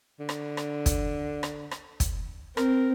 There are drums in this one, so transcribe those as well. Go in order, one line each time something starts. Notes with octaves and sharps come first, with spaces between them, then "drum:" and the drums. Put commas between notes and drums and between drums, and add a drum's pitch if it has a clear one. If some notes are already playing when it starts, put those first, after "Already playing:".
D3
drum: rim click
drum: rim click
drum: kick, hi-hat
drum: rim click
drum: rim click
drum: kick, hi-hat
C4 A#4, drum: rim click